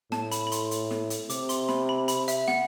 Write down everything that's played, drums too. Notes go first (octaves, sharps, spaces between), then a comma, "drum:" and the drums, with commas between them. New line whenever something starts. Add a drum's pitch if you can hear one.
A2 A5, drum: snare
B5, drum: hi-hat
B5
C6, drum: hi-hat
drum: hi-hat
drum: snare
drum: hi-hat
C3 D6, drum: hi-hat
C6, drum: hi-hat
B5, drum: snare
B5
B5, drum: hi-hat
E5, drum: hi-hat
F#5, drum: snare